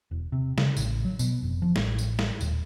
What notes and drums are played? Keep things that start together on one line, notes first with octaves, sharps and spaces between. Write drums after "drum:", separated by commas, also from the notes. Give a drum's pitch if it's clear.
E1
C3
C#3, drum: snare
A1, drum: tambourine
F#3
B2, drum: tambourine
F1
F3
A1, drum: snare
drum: tambourine
drum: snare
D#1, drum: tambourine